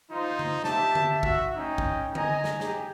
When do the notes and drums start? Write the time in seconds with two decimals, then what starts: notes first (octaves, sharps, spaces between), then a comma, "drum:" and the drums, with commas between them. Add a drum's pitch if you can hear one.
0.11 D#4 F4 C5
0.39 drum: tom C#3
0.64 G4 E5 A5, drum: snare
0.95 drum: tom D3
1.23 F#4 E5, drum: kick
1.57 C#4 D#4 G5
1.78 drum: kick
2.15 D#5 G#5 A#5, drum: tom D3
2.44 drum: snare
2.60 G4 G#4, drum: snare